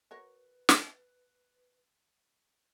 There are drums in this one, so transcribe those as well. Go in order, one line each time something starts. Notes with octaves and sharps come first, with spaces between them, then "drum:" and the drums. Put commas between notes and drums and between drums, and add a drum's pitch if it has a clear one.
F#4 A#4 B4 C#5
drum: snare